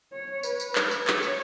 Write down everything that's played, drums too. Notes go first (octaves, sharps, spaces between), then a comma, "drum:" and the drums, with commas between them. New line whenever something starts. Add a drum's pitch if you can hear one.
C#5
B4, drum: tambourine
drum: tambourine
drum: clap
drum: tambourine
C#5, drum: clap
drum: tambourine